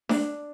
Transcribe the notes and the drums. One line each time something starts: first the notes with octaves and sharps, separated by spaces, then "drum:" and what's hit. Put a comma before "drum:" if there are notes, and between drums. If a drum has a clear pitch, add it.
D4, drum: snare D4